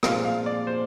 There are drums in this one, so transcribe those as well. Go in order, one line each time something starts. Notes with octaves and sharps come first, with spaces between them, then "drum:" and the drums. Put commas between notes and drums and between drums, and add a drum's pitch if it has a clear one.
A#2 F3 G#3 C4 F5, drum: rim click
F5
D5
C5